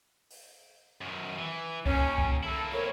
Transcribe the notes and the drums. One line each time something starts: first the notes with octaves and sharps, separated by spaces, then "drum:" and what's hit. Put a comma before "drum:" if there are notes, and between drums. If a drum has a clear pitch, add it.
drum: open hi-hat
F#2 D#3
E3
D#2 C#4, drum: kick C2
drum: kick C2
A#3 E4 A4
F2 A#4 C#5